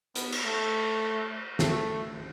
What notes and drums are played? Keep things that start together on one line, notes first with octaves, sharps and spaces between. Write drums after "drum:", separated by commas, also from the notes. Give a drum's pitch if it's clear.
B3, drum: hi-hat
drum: cymbal
A3
A3, drum: snare